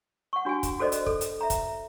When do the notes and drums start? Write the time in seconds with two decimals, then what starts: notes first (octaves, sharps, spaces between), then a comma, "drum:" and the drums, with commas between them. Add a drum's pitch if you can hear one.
0.33 F#5 C#6
0.45 D4 F#4 G5 G#5
0.63 drum: kick, hi-hat
0.79 F#4 A4 A#4 C5 D5 D#5
0.92 drum: hi-hat
1.06 A4, drum: kick
1.21 drum: hi-hat
1.41 E5 A#5
1.50 drum: kick, hi-hat